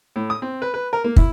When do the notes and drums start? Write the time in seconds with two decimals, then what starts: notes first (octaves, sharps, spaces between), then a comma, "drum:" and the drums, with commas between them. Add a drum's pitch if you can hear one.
0.16 A2
0.30 D#6
0.42 C4
0.62 B4
0.74 B4
0.93 A#4
1.04 A#3
1.16 E4, drum: kick